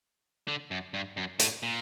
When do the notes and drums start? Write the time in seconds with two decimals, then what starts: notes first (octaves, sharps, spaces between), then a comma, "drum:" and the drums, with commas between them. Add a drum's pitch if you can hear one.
0.48 D3
0.71 F#2
0.94 G2
1.17 F#2
1.40 A2, drum: hi-hat
1.63 A#2